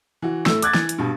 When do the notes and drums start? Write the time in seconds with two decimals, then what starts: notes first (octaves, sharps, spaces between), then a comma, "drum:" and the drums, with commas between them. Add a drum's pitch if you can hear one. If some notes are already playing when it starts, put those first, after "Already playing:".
0.22 E3 F#4
0.46 A2 A3 E6, drum: snare
0.62 D6 F#6 G#6 A6, drum: hi-hat
0.75 E3, drum: snare
0.89 drum: hi-hat
0.98 G2 B2